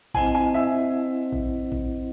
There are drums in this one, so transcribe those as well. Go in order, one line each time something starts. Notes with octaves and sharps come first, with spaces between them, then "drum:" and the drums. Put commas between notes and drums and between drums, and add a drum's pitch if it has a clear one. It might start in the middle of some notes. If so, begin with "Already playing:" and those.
C4 E4 C5 D#5 F#5 G#5, drum: kick A1
G#5
E5
drum: kick A1
drum: kick A1